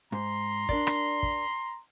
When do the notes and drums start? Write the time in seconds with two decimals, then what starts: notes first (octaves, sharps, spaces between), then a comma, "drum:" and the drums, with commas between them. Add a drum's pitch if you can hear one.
0.12 G#2 A#5 C6
0.69 D4 A#4 D5, drum: kick
0.87 drum: rim click
1.23 drum: kick